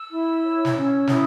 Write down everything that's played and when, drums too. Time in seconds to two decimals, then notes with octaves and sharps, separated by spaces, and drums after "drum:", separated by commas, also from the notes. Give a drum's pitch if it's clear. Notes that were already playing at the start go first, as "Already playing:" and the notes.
Already playing: E6
0.11 E4
0.43 C#5
0.65 drum: snare
0.75 C#4
1.07 E4 D#6, drum: snare